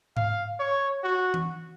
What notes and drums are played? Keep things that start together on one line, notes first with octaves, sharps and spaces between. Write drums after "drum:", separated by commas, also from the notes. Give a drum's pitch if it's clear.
F5, drum: tom G#2
C#5
F#4
drum: tom E3